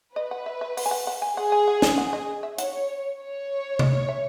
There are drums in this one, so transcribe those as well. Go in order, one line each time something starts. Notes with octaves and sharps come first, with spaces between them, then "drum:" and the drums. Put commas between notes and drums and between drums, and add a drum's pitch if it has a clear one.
B4 D#5
F#5
E5
E5
F#5, drum: open hi-hat
G#5
F#5
F#5
G#5
G#4 F#5
G#5
F#5
G#5, drum: snare
F#5
D#5
E5
C#5 F#5, drum: hi-hat
C#5
D#5, drum: tom C3
E5